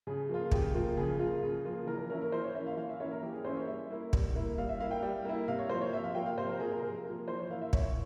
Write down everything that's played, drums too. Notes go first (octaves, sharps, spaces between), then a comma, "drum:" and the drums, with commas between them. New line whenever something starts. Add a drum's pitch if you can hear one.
C#3 G#4
F3 A#3 F4
C#3 G4, drum: kick
F3 A#3 F4
C#3 G#4
F3 A#3 F4
C#3
F3 A#3 F4
E3 A#4
A#4
A#3 C#4 E4 A#4
A#4
E3 C5
C#5
A#3 C#4 E4 E5
F5
E3 F5
E5
A#3 C#4 E4 C#5
A#4
E3 G4
G#4
A#3 C#4 E4 C5
C#5
G3 E5
A#3 E4
G3, drum: kick
A#3 E4
G3 F5
E5
A#3 E4 F5
G5
G3
A#3 E4
C3 F5
C#5
F3 A#3 C5
C#5
C3 E5
F5
F3 A#3 G5
F5
C3 C5
A#4
F3 A#3 G#4
A#4
C3 A#4
F3 A#3
E3 C5
C#5
A#3 E4 F5
E5
E3 C#5, drum: kick